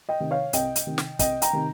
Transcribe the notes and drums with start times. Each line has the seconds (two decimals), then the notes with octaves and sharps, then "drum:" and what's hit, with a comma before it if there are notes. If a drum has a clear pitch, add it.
0.09 D#5 G5
0.20 C3 D#3
0.31 C#5 F5
0.53 C2 D#5 G5, drum: hi-hat
0.76 drum: hi-hat
0.87 C3 D#3
0.98 drum: snare
1.19 C2 D#5 G5, drum: kick, hi-hat
1.42 G5 A#5, drum: hi-hat
1.53 C3 D#3